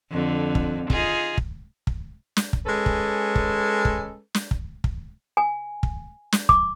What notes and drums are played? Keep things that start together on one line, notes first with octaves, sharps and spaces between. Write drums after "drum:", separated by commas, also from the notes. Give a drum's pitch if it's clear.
F2 D3
drum: kick
D#4 F4 G#4, drum: kick
drum: kick
drum: kick
drum: snare
drum: kick
G#3 C#4 A4 B4
drum: kick
drum: kick
drum: kick
drum: snare
drum: kick
drum: kick
G#5
drum: kick
drum: snare
D6, drum: kick